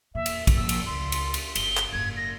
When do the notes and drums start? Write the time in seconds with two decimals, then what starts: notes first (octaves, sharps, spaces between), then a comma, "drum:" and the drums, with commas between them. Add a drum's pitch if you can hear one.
0.15 E2 A#2 E5
0.26 drum: cymbal
0.47 drum: kick, cymbal
0.57 A#1 E6
0.69 drum: cymbal
0.86 C#2 C6
1.12 drum: cymbal
1.34 drum: cymbal
1.55 G1 G7, drum: cymbal
1.77 drum: clap
1.93 F#1 G#2 G#6
2.17 A#6